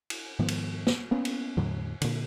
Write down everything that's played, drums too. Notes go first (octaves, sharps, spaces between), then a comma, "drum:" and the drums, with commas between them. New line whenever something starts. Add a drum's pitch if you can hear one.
drum: cymbal
G#2 D#3 F3 B3
drum: cymbal
drum: snare
A#3 B3 C#4
drum: cymbal
E2 A2 D3 F#3
A#2 D3, drum: cymbal